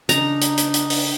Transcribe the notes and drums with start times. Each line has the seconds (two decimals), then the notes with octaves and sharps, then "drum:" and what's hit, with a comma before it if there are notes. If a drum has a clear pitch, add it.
0.09 C#3 D4 D#4 A#5, drum: hi-hat
0.41 drum: hi-hat
0.58 drum: hi-hat
0.74 drum: hi-hat
0.90 drum: open hi-hat